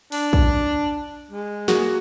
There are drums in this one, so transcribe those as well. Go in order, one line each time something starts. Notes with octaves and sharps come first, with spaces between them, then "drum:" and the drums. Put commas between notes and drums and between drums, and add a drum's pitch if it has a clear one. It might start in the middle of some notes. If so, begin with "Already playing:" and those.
D4, drum: open hi-hat
drum: kick
G#3
A#3 F#4 G#4, drum: snare